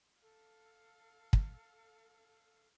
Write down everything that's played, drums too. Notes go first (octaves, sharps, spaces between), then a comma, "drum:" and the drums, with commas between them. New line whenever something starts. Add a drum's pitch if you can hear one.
A4 F5
drum: kick